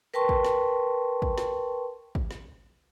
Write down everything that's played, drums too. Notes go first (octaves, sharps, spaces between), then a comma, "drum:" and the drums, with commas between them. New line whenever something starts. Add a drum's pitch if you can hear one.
A#4 B4 G5 A5 C6 C#6
drum: kick
drum: snare
drum: kick
drum: snare
drum: kick
drum: snare